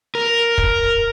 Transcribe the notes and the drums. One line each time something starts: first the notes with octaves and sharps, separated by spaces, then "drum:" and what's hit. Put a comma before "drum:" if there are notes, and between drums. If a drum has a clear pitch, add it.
A#4
drum: kick